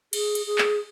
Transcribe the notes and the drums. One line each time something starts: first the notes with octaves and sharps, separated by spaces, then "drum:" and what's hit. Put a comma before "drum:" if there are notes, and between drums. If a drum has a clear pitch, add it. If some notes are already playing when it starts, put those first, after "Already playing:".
G#4, drum: cymbal
drum: cymbal
G#4
drum: clap